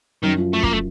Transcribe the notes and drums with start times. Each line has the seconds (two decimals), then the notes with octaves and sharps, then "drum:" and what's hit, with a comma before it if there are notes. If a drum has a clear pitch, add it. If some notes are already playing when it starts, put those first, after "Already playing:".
0.23 F#2 D#3
0.38 F3
0.54 F3 A3
0.63 A#3, drum: kick
0.73 A3